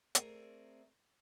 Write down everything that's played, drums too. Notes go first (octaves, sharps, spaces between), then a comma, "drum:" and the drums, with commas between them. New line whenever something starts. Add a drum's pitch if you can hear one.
A3 C4 G#4 A#4 D5, drum: hi-hat